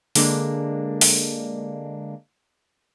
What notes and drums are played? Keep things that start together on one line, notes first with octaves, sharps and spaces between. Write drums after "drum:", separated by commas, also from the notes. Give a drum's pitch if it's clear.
D3 G#3 A#3 D4, drum: open hi-hat
drum: open hi-hat